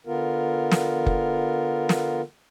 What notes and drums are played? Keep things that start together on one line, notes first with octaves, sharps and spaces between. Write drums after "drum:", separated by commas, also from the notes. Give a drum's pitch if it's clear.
D3 B3 F4 A#4
drum: snare
drum: kick F#1
drum: snare